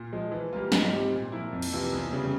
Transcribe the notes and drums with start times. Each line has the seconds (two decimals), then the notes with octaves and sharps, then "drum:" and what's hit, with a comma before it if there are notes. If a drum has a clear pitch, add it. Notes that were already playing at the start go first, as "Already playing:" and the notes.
Already playing: A#2
0.13 F3 G#3
0.32 E3
0.53 G3 A#3 F4
0.72 G#2, drum: snare
0.92 G3 C4 G4
1.12 A#2
1.32 F3 A#3 E4
1.53 F2
1.62 drum: cymbal
1.73 C3 E3 A#3 F4
1.92 E2
2.12 C#3 G3 C#4